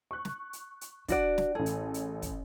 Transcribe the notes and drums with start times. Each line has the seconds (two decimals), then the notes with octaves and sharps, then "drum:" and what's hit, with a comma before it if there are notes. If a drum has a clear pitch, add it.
0.11 C#6 F#6
0.25 drum: snare
0.53 drum: hi-hat
0.81 drum: hi-hat
1.08 D4 F#4 D5, drum: kick, hi-hat
1.38 drum: snare
1.55 A1 G#4 A4
1.66 drum: hi-hat
1.94 drum: hi-hat
2.22 drum: kick, hi-hat